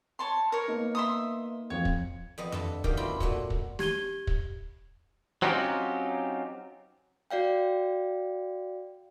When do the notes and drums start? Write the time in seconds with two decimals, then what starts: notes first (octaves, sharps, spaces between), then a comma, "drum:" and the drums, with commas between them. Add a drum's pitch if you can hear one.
0.19 C#5 A5 C6
0.52 A#4 C#5
0.68 A#3 B3 D#4
0.95 E5 C6 D#6
1.70 F2 F3 C#5
1.85 drum: kick
2.38 F2 B3 D#5
2.52 G2 A4 E5 A5, drum: tom F2
2.84 F#2 D#3 G4 D5 F5, drum: kick
2.97 B2 C4 E4 F4 B5 C6
3.20 A#2 F#3 F#4 A4, drum: kick
3.50 drum: kick
3.79 G4 G#6 D#7 G7, drum: snare
4.27 drum: kick
5.42 F#3 C4 C#4 D#4 F4 G4
7.31 F#4 D5 F5 G5